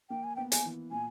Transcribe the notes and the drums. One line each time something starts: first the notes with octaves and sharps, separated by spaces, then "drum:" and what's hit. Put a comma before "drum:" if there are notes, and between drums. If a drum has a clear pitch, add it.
A#3 G5
G#5
B3 G5
G#5, drum: hi-hat
E3
A#2 G#5